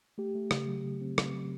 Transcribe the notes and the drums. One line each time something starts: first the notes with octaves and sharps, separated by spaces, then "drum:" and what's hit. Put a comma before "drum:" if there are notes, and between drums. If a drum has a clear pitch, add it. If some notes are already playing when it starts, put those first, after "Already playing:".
A3 G4
A3
C#3, drum: rim click
F#3
C#3
C4
C#3, drum: rim click
F#3